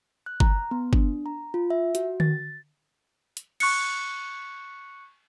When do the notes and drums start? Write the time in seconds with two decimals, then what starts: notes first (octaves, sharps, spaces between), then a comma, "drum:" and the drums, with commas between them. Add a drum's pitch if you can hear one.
0.26 F#6
0.40 A#5, drum: kick G1
0.71 B3
0.93 D4, drum: kick G1
1.26 A#5
1.54 F4
1.70 E5
1.95 F#4, drum: hi-hat
2.20 A6, drum: tom D3
3.37 drum: hi-hat
3.60 C#6 F#6 C#7, drum: cymbal